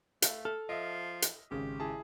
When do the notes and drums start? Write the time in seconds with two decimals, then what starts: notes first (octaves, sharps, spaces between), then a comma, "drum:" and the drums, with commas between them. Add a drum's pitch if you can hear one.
0.22 A3 F5, drum: hi-hat
0.45 A4 F6
0.69 F3 D#5 E5
1.22 drum: hi-hat
1.51 G#1 C#3 G4
1.80 E4 G#4 A5